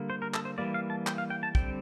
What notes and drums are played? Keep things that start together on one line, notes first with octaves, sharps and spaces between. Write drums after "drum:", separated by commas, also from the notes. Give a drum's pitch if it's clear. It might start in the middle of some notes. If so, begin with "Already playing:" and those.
Already playing: D3 G3 A#3
C5
A#4
A4, drum: clap
C5
E3 G3 A#3 D5
F5
A5
G5, drum: clap
F5
G5
A5
D3 G3 C4 G5, drum: kick